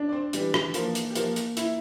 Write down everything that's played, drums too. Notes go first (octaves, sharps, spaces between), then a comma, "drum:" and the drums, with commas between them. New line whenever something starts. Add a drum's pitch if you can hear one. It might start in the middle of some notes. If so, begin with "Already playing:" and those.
Already playing: D4
D5
C4 C5
E3 G3 G4, drum: hi-hat
drum: rim click
F3 A#3 F4, drum: hi-hat
drum: hi-hat
G4
F3 A#3 F4, drum: hi-hat
drum: hi-hat
E4, drum: hi-hat